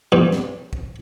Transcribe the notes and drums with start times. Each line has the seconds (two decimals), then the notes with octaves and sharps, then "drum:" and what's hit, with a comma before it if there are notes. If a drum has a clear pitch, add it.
0.12 G2
0.32 drum: snare
0.73 drum: kick